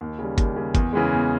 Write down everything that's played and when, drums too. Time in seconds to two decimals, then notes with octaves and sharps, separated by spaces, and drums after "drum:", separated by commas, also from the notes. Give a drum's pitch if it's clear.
0.01 D#2
0.19 C#3 G3
0.38 D#2, drum: kick, hi-hat
0.56 C#3 G3
0.75 E2, drum: kick, hi-hat
0.93 C#3 E3 G#3
1.11 E2